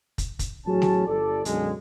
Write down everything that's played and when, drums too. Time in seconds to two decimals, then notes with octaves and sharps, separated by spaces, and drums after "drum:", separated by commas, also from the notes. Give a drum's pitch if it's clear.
0.18 drum: kick, hi-hat
0.39 drum: kick, hi-hat
0.67 A1 F#3 C#4 G#4 A5
0.82 drum: snare A3
1.06 G1 A4 D5
1.45 B1 F#2 D3 G#3, drum: hi-hat